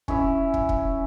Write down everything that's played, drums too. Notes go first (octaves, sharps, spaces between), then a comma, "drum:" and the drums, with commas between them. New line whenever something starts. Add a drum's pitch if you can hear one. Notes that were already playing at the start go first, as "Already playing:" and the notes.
C#4 E4 E5, drum: kick
drum: kick
drum: kick